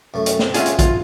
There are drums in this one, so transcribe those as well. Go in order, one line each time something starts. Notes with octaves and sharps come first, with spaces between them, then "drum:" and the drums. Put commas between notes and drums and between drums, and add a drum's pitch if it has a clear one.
F#2 A3
drum: hi-hat
drum: snare
C#4 F4 G#4 E5 F#5 G#5, drum: hi-hat
drum: hi-hat
F4, drum: kick A#1, hi-hat